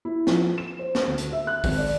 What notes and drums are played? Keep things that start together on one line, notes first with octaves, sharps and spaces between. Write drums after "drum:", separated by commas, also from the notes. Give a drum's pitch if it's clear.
E4
F3, drum: snare
E7
C5
drum: snare
D2
drum: hi-hat
E5
F#6
G#1, drum: kick, open hi-hat
D5